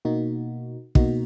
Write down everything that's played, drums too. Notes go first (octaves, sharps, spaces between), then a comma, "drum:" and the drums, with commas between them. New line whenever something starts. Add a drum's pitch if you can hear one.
B2 A#3 D#4 F#4
B2 A#3 D#4 F#4, drum: kick